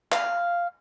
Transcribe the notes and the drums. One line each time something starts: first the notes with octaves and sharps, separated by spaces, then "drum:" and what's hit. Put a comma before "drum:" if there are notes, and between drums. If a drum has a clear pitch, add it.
F5, drum: clap